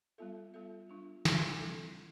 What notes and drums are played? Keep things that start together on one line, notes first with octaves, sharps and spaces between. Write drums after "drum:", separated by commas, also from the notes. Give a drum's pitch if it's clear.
G3 B3 F4 A4 E5
G3 B3 F4 A4 E5
G3 D4 F4
G3 D4 F4, drum: snare
C4 E4 A4